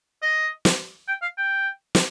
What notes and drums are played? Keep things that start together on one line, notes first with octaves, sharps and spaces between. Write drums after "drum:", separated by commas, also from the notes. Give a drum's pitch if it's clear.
D#5
drum: snare
G5
F5
G5
drum: snare